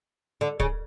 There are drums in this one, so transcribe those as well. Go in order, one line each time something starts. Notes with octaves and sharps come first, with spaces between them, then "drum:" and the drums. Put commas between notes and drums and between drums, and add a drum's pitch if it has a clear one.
D3
C#3, drum: kick